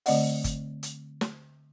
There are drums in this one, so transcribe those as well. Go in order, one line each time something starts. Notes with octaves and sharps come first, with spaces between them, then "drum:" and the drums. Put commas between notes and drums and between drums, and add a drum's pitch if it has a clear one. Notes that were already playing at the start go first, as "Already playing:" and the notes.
D3 A3 C4 D5 D#5 F#5, drum: open hi-hat
drum: kick G1, hi-hat
drum: hi-hat
drum: snare